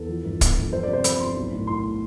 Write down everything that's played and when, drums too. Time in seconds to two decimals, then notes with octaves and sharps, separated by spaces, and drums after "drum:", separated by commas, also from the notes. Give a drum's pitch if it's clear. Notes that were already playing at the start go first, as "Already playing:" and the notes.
Already playing: E2 A4
0.09 F3
0.24 G1
0.41 G1, drum: kick, hi-hat
0.57 G1
0.72 F3 C5
0.83 C3 D5
0.93 C5
1.04 F3 B5, drum: hi-hat
1.20 G1 C6
1.36 B1
1.52 A2
1.67 A2 C6